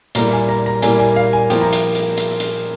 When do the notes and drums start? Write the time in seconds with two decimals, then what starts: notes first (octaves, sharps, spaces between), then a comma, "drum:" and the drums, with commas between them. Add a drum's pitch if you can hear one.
0.15 A#2 G3 A#3 E4 A#5, drum: hi-hat
0.33 G#5
0.49 A#5
0.66 A#5
0.82 A#2 G3 A#3 E4 G#5, drum: hi-hat
0.99 G#5
1.16 F5
1.33 G#5
1.50 F3 A#3 E4 G5, drum: hi-hat
1.61 A#5
1.73 drum: hi-hat
1.95 drum: hi-hat
2.18 drum: hi-hat
2.40 drum: hi-hat